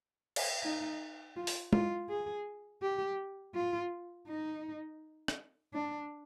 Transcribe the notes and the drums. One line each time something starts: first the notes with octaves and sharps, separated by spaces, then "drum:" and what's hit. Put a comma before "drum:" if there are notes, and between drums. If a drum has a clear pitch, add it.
drum: cymbal
D#4
F4
drum: open hi-hat
F4, drum: tom G#3
G#4
G4
F4
D#4
drum: rim click
D4